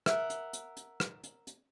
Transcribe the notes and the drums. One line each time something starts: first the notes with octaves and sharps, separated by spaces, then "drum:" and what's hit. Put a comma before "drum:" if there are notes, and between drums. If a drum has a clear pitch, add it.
A#4 E5 F#5, drum: rim click
drum: hi-hat
drum: hi-hat
drum: hi-hat
drum: rim click
drum: hi-hat
drum: hi-hat